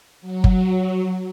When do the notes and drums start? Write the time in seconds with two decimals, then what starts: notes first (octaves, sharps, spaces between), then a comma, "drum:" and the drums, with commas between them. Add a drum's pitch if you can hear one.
0.21 F#3
0.44 drum: kick G1